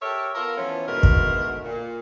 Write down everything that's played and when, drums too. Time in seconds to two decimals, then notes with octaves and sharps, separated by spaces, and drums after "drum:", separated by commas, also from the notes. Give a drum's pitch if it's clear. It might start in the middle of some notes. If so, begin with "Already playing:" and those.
0.01 G4 A4 A#4 C#5 E5
0.35 B3 F4 A4 A#4
0.57 E3 F3 A3 B3 C#4
0.87 D2 G#2 B2 A3 A#4
1.03 drum: kick
1.64 A#2